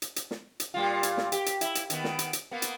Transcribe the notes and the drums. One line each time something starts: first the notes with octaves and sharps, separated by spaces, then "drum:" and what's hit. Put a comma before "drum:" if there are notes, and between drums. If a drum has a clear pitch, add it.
drum: hi-hat
drum: hi-hat
drum: snare
drum: hi-hat
A#2 G3 F4
drum: hi-hat
drum: snare
G4, drum: hi-hat
drum: hi-hat
E4, drum: hi-hat
drum: hi-hat
D#3 B3, drum: hi-hat
drum: snare
drum: hi-hat
drum: hi-hat
A#3 B3
drum: hi-hat